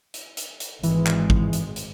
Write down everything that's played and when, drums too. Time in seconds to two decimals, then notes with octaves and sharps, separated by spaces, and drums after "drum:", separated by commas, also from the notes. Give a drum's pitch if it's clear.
0.14 drum: hi-hat
0.37 drum: hi-hat
0.60 drum: hi-hat
0.84 G#1 E3 G#3, drum: hi-hat
1.07 drum: clap
1.30 drum: kick
1.53 drum: hi-hat
1.76 drum: hi-hat